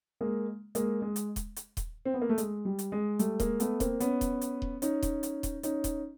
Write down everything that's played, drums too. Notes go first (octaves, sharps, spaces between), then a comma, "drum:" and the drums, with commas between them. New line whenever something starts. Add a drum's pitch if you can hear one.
G#3 A#3
G#3 A#3, drum: hi-hat
G#3
drum: hi-hat
drum: kick D#1, hi-hat
drum: hi-hat
drum: kick D#1, hi-hat
C4
B3
A#3
A3
G#3, drum: hi-hat
G3
drum: hi-hat
G#3
G3 A3, drum: hi-hat
G#3 A#3, drum: kick D#1, hi-hat
A3 B3, drum: hi-hat
A#3 C4, drum: kick D#1, hi-hat
B3 C#4, drum: hi-hat
drum: kick D#1, hi-hat
drum: hi-hat
drum: kick D#1
C#4 D#4, drum: hi-hat
drum: kick D#1, hi-hat
drum: hi-hat
drum: kick D#1, hi-hat
C#4 D#4, drum: hi-hat
drum: kick D#1, hi-hat